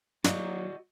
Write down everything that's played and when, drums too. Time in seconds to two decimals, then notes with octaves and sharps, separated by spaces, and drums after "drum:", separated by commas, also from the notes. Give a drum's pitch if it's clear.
0.24 F#3 A#3 D#4 F#4 D5 D#5, drum: snare